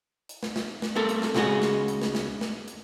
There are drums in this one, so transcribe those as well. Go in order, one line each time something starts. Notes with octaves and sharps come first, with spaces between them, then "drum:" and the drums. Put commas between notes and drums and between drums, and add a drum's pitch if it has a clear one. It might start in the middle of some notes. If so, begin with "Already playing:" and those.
drum: hi-hat
drum: snare
drum: snare
drum: snare
A3 C4 A4 A#4
drum: hi-hat
drum: snare
C#2 C#3 G#3 F#4 D#5, drum: snare
drum: snare
drum: hi-hat
drum: snare
drum: snare
drum: snare
drum: hi-hat